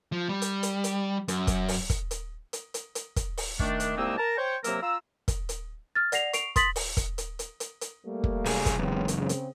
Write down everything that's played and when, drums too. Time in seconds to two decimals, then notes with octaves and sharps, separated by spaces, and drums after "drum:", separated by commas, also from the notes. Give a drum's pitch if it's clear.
0.12 F3
0.29 G3
0.42 drum: hi-hat
0.63 drum: hi-hat
0.84 drum: hi-hat
1.28 F#2, drum: hi-hat
1.47 drum: kick, hi-hat
1.68 drum: open hi-hat
1.90 drum: kick, hi-hat
2.11 drum: hi-hat
2.53 drum: hi-hat
2.74 drum: hi-hat
2.95 drum: hi-hat
3.16 drum: kick, hi-hat
3.38 drum: open hi-hat
3.59 D#3 A3 D4, drum: kick
3.80 drum: hi-hat
3.97 C2 G#3 A#3 C4 D#4 E6
4.18 A#4 A5 A#5
4.38 C5 C#5 G5
4.64 C3 F#3 A#3 A#4 A#5 E6, drum: hi-hat
4.82 F4 F5 A#5 E6
5.28 drum: kick, hi-hat
5.49 drum: hi-hat
5.95 F6 A6
6.12 D5 F#5 A#6 C7 F7, drum: hi-hat
6.33 C#6 C7 D7 F7, drum: hi-hat
6.56 C6 D#6 A6 B6 F#7, drum: kick, hi-hat
6.76 drum: open hi-hat
6.97 drum: kick, hi-hat
7.18 drum: hi-hat
7.39 drum: hi-hat
7.60 drum: hi-hat
7.81 drum: hi-hat
8.05 G3 A3 A#3
8.24 drum: kick
8.45 B1 G#4, drum: open hi-hat
8.66 drum: kick, hi-hat
8.79 C#2 F#2 C#3 B3 C4
9.08 drum: hi-hat
9.18 C#3 C4
9.29 drum: hi-hat